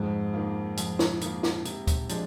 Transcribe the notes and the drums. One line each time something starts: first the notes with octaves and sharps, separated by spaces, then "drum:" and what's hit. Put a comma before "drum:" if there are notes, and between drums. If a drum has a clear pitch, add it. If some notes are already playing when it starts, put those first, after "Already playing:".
Already playing: F2 G#2
D#3 A#3 F4
F2, drum: hi-hat
drum: snare
D#3 A#3 F4, drum: hi-hat
drum: snare
C3, drum: hi-hat
drum: kick, hi-hat
F3 G#3 D4, drum: hi-hat